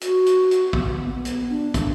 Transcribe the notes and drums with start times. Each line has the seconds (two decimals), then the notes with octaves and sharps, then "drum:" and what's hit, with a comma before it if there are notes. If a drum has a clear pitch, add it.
0.01 F#4, drum: hi-hat
0.26 drum: hi-hat
0.51 drum: hi-hat
0.73 B3, drum: kick
1.09 B3
1.25 drum: hi-hat
1.50 D4
1.74 drum: kick, hi-hat